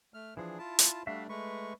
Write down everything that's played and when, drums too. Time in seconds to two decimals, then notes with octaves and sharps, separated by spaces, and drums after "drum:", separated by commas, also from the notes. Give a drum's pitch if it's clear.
0.14 A3 F6
0.37 E3 F3 D4 G#4
0.59 E4 F4 A5
0.79 drum: hi-hat
1.07 G3 A3 D4 F#4 E5 F5
1.29 G#3 A3 B4 C#6